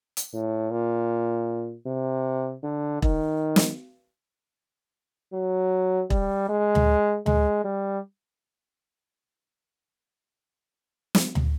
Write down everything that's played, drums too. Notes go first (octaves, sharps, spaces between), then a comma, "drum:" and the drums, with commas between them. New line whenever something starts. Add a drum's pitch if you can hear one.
drum: hi-hat
A2
A#2
C3
D3
D#3, drum: kick E1
drum: snare
F#3
G3, drum: kick E1
G#3
drum: tom D2
G#3, drum: tom D2
G3
drum: snare
drum: tom D2